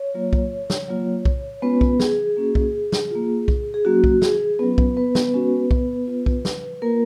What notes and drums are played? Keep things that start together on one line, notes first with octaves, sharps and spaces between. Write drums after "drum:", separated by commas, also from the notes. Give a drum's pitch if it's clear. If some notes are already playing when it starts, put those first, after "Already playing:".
Already playing: C#5
F#3 A#3 F4
drum: kick B1
drum: snare
F#3 A#3 F4
drum: kick B1
G#3 B3 C#4 F4 B4
drum: kick B1
G#4, drum: snare
A#3 C#4 F#4
drum: kick B1
drum: snare
A#3 F4
drum: kick B1
G#4
F#3 A#3 C#4 F#4
drum: kick B1
G#4, drum: snare
F#3 B3 C#4 F4 B4
drum: kick B1
B3 B4
drum: snare
G#3 C#4 F#4
drum: kick B1
B3 F4
drum: kick B1
drum: snare
A#3 F4 A#4